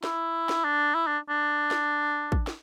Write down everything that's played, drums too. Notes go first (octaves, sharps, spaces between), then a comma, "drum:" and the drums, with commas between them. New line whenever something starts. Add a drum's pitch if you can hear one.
E4, drum: snare
drum: snare
D4
E4
D4
D4
drum: snare
drum: kick
drum: snare